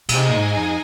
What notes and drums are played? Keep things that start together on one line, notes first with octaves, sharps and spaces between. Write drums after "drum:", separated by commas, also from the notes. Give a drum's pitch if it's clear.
A#2, drum: cymbal
C3 D#4 G#4 D#5 G#5
A#2
G#2
F2